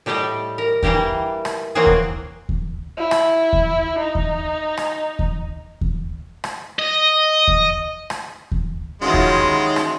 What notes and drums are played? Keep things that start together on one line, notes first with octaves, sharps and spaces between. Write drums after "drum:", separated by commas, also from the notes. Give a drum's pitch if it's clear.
A2 G3 G4 D5 D#5
A#4
E3 G3 A#3 G4 A#4, drum: kick D#2
drum: rim click
E3 F#3 A#3 C4 F#4 G#4
drum: kick D#2
drum: kick D#2
E4
drum: rim click
drum: kick D#2
D#4
drum: kick D#2
drum: rim click
drum: kick D#2
drum: kick D#2
drum: rim click
D#5
drum: kick D#2
drum: rim click
drum: kick D#2
D#2 D#3 E3 F#3 G#3 C#4 F4
drum: kick D#2
drum: rim click